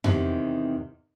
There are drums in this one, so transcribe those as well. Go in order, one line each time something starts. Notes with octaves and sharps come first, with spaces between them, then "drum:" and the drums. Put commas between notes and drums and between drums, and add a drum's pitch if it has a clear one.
E2 C3 D#3, drum: tom F2